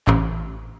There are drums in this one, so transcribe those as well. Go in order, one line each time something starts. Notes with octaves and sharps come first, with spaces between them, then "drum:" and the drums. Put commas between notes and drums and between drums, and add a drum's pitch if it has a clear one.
A1, drum: clap